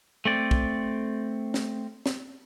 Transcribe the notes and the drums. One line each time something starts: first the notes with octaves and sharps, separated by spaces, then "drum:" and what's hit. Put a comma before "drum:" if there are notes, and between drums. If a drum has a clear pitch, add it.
A3 C4 D5
drum: kick
drum: snare
drum: snare